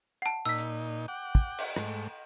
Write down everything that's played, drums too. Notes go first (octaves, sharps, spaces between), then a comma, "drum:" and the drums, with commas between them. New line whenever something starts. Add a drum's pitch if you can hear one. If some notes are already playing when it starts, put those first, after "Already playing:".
F#5 A5
A#2 D#4 E6 B6
drum: hi-hat
F#5 G5 D6
drum: kick
drum: cymbal
G#2 A3, drum: rim click